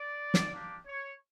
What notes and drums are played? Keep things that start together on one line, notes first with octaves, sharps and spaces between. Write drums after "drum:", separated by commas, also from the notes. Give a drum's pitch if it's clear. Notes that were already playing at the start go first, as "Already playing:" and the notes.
Already playing: D5
drum: snare
A#3 D4 G4
C#5